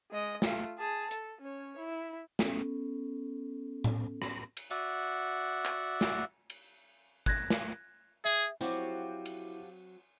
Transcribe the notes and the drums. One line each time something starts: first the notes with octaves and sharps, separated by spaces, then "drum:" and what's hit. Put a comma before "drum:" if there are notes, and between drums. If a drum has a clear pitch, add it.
G#3 D#5
A3 F4, drum: snare
G#4 A5
A4, drum: hi-hat
C#4 C#5
E4
B3 C#4 A4, drum: snare
drum: tom A2
drum: rim click
drum: cymbal
F#4 D5 E5 F#5, drum: hi-hat
drum: clap
drum: snare
drum: cymbal
F#6 G#6 A#6, drum: kick
drum: snare
G#4 E5
F3 F#3 C4 E4 F#4 G4, drum: tambourine
drum: cymbal